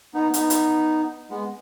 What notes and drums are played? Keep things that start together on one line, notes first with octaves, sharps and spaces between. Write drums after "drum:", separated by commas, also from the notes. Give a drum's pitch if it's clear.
B3 D#4
B3 D#4, drum: hi-hat
drum: hi-hat
G#3 B3